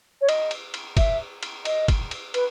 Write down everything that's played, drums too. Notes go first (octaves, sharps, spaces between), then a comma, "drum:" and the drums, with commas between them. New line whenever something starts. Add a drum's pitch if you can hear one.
C#5
D#5, drum: cymbal
drum: cymbal
drum: cymbal
E5, drum: kick, cymbal
drum: cymbal
D#5, drum: cymbal
drum: kick, cymbal
drum: cymbal
B4, drum: cymbal